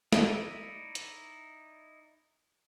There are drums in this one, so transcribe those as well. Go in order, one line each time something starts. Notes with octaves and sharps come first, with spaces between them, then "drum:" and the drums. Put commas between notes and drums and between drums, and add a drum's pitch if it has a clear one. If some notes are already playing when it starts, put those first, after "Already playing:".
D#4 E4 D5 E5, drum: snare
drum: hi-hat